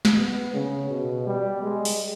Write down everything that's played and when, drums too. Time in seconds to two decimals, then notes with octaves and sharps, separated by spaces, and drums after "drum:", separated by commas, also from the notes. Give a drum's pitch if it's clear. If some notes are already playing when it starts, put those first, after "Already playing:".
0.05 drum: snare
0.18 B3
0.54 C#3
0.90 B2
1.27 G3
1.62 G#3
1.85 drum: open hi-hat